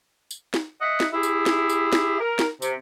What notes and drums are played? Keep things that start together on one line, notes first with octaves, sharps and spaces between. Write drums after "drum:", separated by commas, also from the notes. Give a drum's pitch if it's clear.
drum: tambourine
drum: snare
D#5 E5 F#5
drum: snare
E4 G4 G#4
drum: tambourine
drum: snare
drum: tambourine
drum: snare
A#4
drum: snare
C3, drum: tambourine